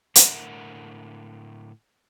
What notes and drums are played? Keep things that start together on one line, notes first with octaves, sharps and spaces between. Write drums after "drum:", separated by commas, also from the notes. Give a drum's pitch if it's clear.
A2 D3 A3 A#4 E5 F#5, drum: hi-hat